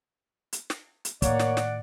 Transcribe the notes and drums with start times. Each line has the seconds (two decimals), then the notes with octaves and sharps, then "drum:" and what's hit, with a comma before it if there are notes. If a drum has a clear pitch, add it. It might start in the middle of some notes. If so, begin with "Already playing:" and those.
0.53 drum: hi-hat
0.70 drum: snare
1.05 drum: hi-hat
1.22 A2 D#3 A#3 C#5 D5 F#5, drum: kick, hi-hat
1.40 drum: snare
1.57 drum: snare